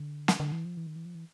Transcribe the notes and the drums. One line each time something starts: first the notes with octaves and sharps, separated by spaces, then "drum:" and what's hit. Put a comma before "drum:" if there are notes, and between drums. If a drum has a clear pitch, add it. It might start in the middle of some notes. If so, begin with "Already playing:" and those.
Already playing: D3
drum: snare
D3
E3
F3
E3
D#3
E3
F3
E3